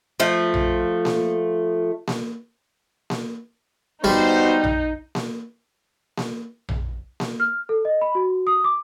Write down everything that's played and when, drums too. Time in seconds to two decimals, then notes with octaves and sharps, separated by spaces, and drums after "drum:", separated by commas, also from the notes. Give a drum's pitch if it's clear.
0.20 F3 A3
0.54 drum: tom A#1
1.05 drum: snare A#3
2.07 drum: snare A#3
3.10 drum: snare A#3
4.04 G3 B3 D#4 F#4 C5
4.64 drum: tom A#1
5.15 drum: snare A#3
6.17 drum: snare A#3
6.69 drum: tom A#1
7.20 drum: snare A#3
7.40 F6
7.69 A4
7.85 D#5
8.01 B5
8.15 F#4
8.47 D#6
8.64 D6